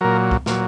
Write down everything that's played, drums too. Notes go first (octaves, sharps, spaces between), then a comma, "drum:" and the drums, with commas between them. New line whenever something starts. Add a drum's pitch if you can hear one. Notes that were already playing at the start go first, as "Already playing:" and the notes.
A#2 F#3 A#4
drum: kick
A#2 F#3, drum: snare